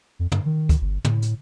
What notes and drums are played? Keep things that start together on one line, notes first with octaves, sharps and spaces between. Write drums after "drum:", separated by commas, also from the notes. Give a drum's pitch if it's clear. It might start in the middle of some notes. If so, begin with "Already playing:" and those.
F2
G2, drum: tom
D#3
drum: kick, hi-hat
G1
A2, drum: tom
drum: hi-hat